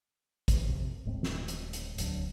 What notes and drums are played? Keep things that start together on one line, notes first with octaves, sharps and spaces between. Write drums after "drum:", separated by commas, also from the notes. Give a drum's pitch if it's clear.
drum: kick G#1, hi-hat
A#1 F2 C3
D#1 A2 G#3 C4
drum: snare
drum: hi-hat
drum: hi-hat
E1 D2 F#3 D4, drum: hi-hat